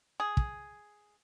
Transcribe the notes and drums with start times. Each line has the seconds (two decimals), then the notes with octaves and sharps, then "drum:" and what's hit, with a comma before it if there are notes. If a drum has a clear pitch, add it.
0.20 G#4
0.37 drum: kick